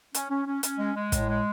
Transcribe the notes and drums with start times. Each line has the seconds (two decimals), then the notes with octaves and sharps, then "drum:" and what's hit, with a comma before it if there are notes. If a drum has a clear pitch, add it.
0.15 C#4, drum: hi-hat
0.30 C#4
0.47 C#4
0.63 C#4, drum: hi-hat
0.79 G#3
0.95 G#3
1.12 A2, drum: kick, hi-hat
1.29 G#3